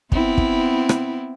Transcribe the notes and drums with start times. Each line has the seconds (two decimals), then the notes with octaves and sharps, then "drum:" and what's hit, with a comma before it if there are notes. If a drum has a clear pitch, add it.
0.12 B3 C4 E4, drum: kick
0.38 drum: kick
0.89 drum: rim click